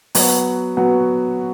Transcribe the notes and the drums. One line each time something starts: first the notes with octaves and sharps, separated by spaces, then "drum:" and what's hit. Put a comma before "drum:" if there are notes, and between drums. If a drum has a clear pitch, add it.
F#3 B3 F#4, drum: open hi-hat
F#3 B3 F#4